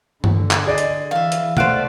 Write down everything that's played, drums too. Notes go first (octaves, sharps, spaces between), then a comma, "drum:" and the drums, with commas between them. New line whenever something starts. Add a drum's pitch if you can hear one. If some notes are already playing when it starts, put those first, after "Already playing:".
D3, drum: tom G2
drum: clap
G#4 D5 D#5
drum: hi-hat
E3 E5 F5
drum: hi-hat
A3 C5 D5 F5 F#5 F#6 D7, drum: tom B2